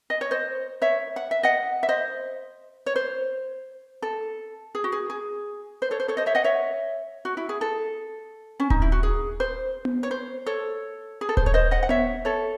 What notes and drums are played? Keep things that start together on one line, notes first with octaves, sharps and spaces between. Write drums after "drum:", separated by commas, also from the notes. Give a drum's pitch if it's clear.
D#5
C#5
C5 D#5
C#5 E5
F#5
E5
D#5 F#5
E5
C5 D#5
C#5
C5
A4
G#4
F#4
G#4
G#4
C5
A4 C#5
C5
A4 C#5
C5 D#5
C#5 E5
D#5 F#5
C#5 E5
F#4
E4
G#4
A4
C#4
D#4, drum: kick D#1
E4
F#4
G#4
C5
drum: tom B3
C#5
C5
A4 C#5
G#4
A4
C5, drum: kick D#1
C#5
C5 D#5
D#5 F#5
F#5
C#5 E5, drum: tom B3
A4 C#5